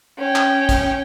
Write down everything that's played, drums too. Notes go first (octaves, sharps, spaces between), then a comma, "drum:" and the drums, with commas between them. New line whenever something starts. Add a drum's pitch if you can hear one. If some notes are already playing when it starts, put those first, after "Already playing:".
C#4 G5
drum: clap
drum: kick A1, hi-hat